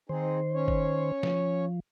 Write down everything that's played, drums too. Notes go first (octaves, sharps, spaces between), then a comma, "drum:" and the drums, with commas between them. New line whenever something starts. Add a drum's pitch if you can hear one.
D#3 C4 D#4 G#4 C5
C#4 C#5
drum: kick
F3, drum: snare